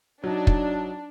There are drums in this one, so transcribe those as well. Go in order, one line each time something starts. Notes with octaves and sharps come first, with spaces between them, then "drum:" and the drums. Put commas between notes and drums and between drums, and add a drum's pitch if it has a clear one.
F#3 D4 D#4
drum: kick